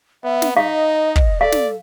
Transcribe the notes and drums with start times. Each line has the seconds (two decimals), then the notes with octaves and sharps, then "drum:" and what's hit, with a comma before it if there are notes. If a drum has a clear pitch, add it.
0.24 B3 E5
0.42 drum: snare
0.57 D#4 D#5 F5
1.16 drum: kick
1.41 A4 D5 F5
1.52 drum: snare